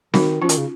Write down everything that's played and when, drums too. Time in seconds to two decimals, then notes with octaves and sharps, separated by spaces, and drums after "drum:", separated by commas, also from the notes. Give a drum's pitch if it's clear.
0.14 D#3 D#4 F#4, drum: snare C4
0.41 F3 C#4 F4
0.49 D#3, drum: hi-hat
0.58 C#3